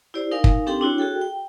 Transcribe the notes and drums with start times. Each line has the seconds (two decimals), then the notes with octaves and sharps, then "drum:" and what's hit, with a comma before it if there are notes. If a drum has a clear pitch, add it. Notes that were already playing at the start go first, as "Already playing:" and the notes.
0.14 E4 G4 C5 D5
0.31 D#4 A#4 F5 G#5
0.44 drum: kick
0.66 C4 D4 G4 A4 G5 C6
0.81 D4 E4 F#4 C#5
0.98 F#4 G#4 A4 G5
1.21 G5